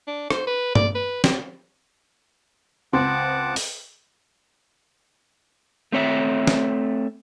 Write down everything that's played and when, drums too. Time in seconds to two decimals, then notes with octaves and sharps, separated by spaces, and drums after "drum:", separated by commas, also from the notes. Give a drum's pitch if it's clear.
0.08 D4
0.30 C5, drum: rim click
0.47 B4
0.75 D5, drum: tom G2
0.95 B4
1.24 G4, drum: snare
2.93 C#2 C4 F#5 A5 C6 D6
3.56 drum: open hi-hat
5.92 A3 C4 C#5 E5
6.47 drum: snare